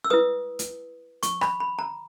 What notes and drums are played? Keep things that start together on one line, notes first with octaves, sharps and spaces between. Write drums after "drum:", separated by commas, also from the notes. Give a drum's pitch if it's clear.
E6
E4 B4 D#6
drum: hi-hat
C#6, drum: hi-hat
B5, drum: rim click
B5
A#5